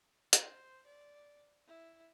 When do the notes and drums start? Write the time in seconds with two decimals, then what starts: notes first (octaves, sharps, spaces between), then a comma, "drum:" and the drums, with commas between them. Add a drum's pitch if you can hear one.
0.33 C5, drum: hi-hat
0.86 D5
1.67 E4